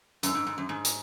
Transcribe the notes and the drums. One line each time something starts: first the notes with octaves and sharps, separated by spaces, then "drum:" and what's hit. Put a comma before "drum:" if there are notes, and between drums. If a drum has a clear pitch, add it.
F#2, drum: hi-hat
G#2
G#2
F#2
G#2
drum: hi-hat